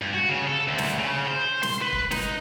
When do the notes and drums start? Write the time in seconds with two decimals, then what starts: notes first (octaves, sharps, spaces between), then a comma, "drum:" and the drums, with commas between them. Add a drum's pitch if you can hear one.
0.02 G2
0.14 F#4
0.29 C#3
0.47 A4
0.68 D2
0.78 drum: snare
0.99 C#3
1.27 C5
1.63 C6, drum: snare
1.81 B4
1.93 drum: kick
2.11 D#4, drum: snare